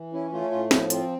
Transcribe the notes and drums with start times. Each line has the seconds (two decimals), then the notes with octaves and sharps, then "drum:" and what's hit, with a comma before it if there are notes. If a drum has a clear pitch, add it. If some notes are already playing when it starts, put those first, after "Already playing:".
Already playing: E3
0.13 C#4 E4
0.32 A3 F4
0.51 A2 F4
0.71 F3 E4, drum: snare
0.90 C4 F4, drum: hi-hat